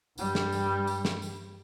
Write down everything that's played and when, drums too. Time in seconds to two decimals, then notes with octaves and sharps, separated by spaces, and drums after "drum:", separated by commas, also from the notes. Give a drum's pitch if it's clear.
0.18 G2 G3, drum: tambourine
0.35 drum: snare
0.52 drum: tambourine
0.87 drum: tambourine
1.05 drum: snare
1.22 drum: tambourine